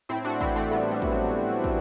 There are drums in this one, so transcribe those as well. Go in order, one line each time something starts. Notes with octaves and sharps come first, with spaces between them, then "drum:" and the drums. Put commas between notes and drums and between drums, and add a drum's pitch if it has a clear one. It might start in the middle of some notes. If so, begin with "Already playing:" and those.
A2 C4 E4
D4 F#4
E3 C4 E4, drum: kick
A3 C4
A2 G3 B3
G3
E3, drum: kick
F#3
A2
E3, drum: kick